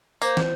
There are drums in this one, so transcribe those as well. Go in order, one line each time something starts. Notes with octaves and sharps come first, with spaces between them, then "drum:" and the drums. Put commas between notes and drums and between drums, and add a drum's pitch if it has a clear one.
A#3 C5, drum: tambourine
drum: snare